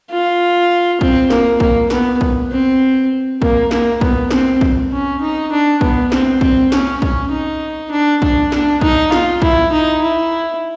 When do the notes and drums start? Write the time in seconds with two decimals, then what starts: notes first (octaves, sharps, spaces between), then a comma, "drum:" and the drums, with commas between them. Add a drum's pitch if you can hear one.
0.10 F4
1.01 C4, drum: kick
1.30 A#3, drum: snare
1.60 A#3, drum: kick
1.90 B3, drum: snare
2.21 drum: kick
2.51 C4
3.42 A#3, drum: kick
3.71 A#3, drum: snare
4.01 B3, drum: kick
4.31 C4, drum: snare
4.61 drum: kick
4.92 C#4
5.21 D#4
5.52 D4
5.81 B3, drum: kick
6.12 C4, drum: snare
6.41 C4, drum: kick
6.72 C#4, drum: snare
7.02 C#4, drum: kick
7.31 D#4
7.91 D4
8.22 D4, drum: kick
8.52 D4, drum: snare
8.81 D#4, drum: kick
9.12 F4, drum: snare
9.42 E4, drum: kick
9.72 D#4
10.02 E4